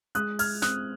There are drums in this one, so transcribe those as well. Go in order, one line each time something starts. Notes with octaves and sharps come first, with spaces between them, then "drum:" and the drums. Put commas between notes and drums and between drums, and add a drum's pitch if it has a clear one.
G#3 D#6 F#6, drum: hi-hat
F6 G#6, drum: open hi-hat
C4 D#6 F#6, drum: snare